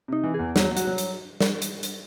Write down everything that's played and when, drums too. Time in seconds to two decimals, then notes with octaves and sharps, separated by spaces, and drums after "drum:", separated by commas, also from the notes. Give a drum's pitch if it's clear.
0.08 C3 D#4
0.24 E3
0.34 E2 G#4
0.56 F#3, drum: snare
0.71 F#3
0.77 F#4, drum: hi-hat
0.87 F#3
0.98 drum: hi-hat
1.41 drum: snare
1.62 drum: hi-hat
1.83 drum: hi-hat